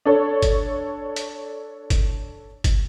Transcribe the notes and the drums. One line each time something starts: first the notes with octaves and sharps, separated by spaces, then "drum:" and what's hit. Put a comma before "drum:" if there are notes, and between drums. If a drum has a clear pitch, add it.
D4 A4 C#5
drum: kick, hi-hat
drum: hi-hat
drum: kick, hi-hat
drum: kick, hi-hat